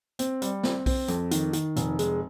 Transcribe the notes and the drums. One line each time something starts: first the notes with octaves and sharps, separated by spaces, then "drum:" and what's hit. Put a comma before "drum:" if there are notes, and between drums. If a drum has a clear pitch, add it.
C4, drum: hi-hat
G3, drum: hi-hat
C4, drum: snare
C4, drum: kick B1, open hi-hat
F2, drum: hi-hat
D#3, drum: hi-hat
D#3, drum: hi-hat
F1, drum: hi-hat
G#3, drum: hi-hat